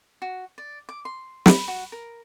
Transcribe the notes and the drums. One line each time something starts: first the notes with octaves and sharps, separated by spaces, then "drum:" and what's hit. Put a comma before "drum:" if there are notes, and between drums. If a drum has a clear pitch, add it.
F#4
D5
D6
C6
B5, drum: snare
F#4
A#4